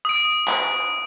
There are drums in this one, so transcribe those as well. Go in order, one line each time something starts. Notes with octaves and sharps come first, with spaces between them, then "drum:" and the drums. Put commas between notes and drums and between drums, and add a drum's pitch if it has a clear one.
D#6 D7
drum: clap